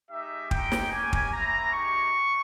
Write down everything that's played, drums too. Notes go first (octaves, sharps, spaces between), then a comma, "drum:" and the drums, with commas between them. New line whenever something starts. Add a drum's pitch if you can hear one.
G#3 D#4 G4 E5
G#3 D#4 G4 G5, drum: kick
drum: snare
A#3 C#4 G4 G#5
drum: kick
A#3 C#4 E4 A#5
G#3 D#4 G4 C#6